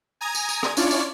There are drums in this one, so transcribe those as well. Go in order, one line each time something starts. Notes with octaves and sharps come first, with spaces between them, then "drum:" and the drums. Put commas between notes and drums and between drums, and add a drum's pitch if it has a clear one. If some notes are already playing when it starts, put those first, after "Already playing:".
G#5 A#5 D#6 G#6
drum: tambourine
drum: tambourine
drum: rim click
C#4 D4 E4 F4 C#5 D5, drum: tambourine
drum: tambourine